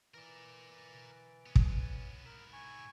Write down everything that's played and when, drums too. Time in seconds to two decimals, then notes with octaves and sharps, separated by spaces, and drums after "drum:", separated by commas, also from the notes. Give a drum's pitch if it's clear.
0.14 E3 A#4 D5
0.93 B2 D3
1.46 B3 C#4
1.56 drum: kick
2.26 G#2 E4 A#4
2.53 G#5 C#6